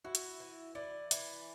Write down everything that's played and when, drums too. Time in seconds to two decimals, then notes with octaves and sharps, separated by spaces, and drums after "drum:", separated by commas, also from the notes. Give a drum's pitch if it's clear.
0.05 E4 F#4
0.15 drum: hi-hat
0.40 E3
0.75 E3 D5
1.11 E3, drum: hi-hat